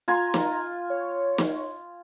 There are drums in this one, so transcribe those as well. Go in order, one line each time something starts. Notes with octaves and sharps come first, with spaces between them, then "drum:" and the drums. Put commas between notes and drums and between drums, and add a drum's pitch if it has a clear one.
F4 G#5 A#5 C6
drum: snare
C#5
drum: snare